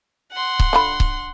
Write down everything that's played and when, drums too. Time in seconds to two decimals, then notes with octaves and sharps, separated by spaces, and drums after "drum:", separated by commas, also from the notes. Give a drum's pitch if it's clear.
0.32 F#5 C6
0.60 drum: kick C#1
0.73 D3 F4 B5
1.00 drum: kick C#1